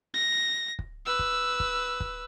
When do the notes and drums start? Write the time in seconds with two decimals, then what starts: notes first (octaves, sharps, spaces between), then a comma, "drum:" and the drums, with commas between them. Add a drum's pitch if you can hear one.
0.14 A#6
0.79 drum: kick
1.06 B4 E6
1.19 drum: kick
1.60 drum: kick
2.00 drum: kick